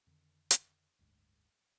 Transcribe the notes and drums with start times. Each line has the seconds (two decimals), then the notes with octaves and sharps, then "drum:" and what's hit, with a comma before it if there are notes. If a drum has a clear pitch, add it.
0.07 F2 D3 D#3
0.51 drum: hi-hat
0.99 F#1 D2 G#2